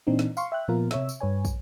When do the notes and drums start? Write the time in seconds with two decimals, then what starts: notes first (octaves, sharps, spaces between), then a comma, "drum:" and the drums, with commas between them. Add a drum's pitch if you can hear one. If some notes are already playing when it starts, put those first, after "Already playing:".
0.07 A#2 E3 C4 D4 D#4
0.19 drum: snare
0.37 F5 C6 C#6, drum: tambourine
0.52 E5 G5 F#6
0.68 A#2 F3 B3 F4 A#4
0.91 C3 C#5 E5 E6, drum: snare
1.09 drum: tambourine
1.20 G2 B4 C#5 G#5
1.45 drum: kick, tambourine